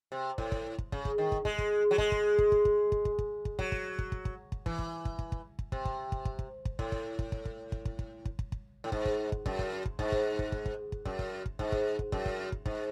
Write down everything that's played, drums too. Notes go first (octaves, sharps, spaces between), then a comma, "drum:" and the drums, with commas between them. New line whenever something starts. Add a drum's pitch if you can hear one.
C3
A2, drum: kick
drum: kick
drum: kick
C#3, drum: kick
drum: kick
D#3
drum: kick
G#3, drum: kick
drum: kick
F#3
G#3, drum: kick
drum: kick
drum: kick
drum: kick
drum: kick
drum: kick
drum: kick
drum: kick
drum: kick
F#3, drum: kick
drum: kick
drum: kick
drum: kick
drum: kick
drum: kick
E3, drum: kick
drum: kick
drum: kick
drum: kick
drum: kick
drum: kick
C3, drum: kick
drum: kick
drum: kick
drum: kick
drum: kick
drum: kick
A2, drum: kick
drum: kick
drum: kick
drum: kick
drum: kick
drum: kick
drum: kick
drum: kick
drum: kick
drum: kick
drum: kick
A2
G#2, drum: kick
drum: kick
drum: kick
F#2, drum: kick
drum: kick
drum: kick
G#2, drum: kick
drum: kick
drum: kick
drum: kick
drum: kick
drum: kick
F#2, drum: kick
drum: kick
drum: kick
G#2, drum: kick
drum: kick
drum: kick
F#2, drum: kick
drum: kick
drum: kick
G#2, drum: kick